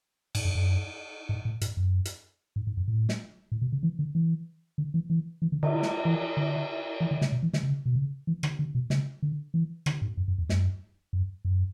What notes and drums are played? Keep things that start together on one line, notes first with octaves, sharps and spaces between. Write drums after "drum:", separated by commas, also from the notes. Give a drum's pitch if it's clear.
G#2, drum: cymbal
F#2
F#2
G#2
A2
G#2, drum: hi-hat
F#2
drum: hi-hat
G#2
G#2
F#2
A2
drum: snare
A2
B2
C#3
E3
D3
E3
D3
E3
E3
E3
D3
D3, drum: cymbal
drum: snare
E3
D3
E3
D3
C#3, drum: snare
B2
E3
D3, drum: snare
C#3
B2
C#3
E3
D3, drum: rim click
D3
B2
C#3, drum: snare
D3
E3
D3, drum: rim click
G#2
F#2
F#2
E2
F#2, drum: snare
F#2
F#2